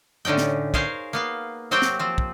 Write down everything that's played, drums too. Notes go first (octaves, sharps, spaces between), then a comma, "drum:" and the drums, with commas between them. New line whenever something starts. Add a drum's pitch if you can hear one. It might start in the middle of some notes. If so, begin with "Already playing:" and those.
A2 D3 C#4 D#4 G5
drum: snare
G#4 A#4 C5 C#5 F5 G#5, drum: kick
A#3 B3 F5
F#3 C4 F#4 G4 C5 G5
drum: snare
F3 C4
drum: kick